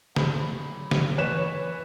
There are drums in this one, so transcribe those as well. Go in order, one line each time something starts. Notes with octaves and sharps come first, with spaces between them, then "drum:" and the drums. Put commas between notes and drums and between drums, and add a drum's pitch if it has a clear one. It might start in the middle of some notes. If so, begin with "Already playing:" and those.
F#3 B5, drum: snare
drum: snare
E3 B4 C#5 E7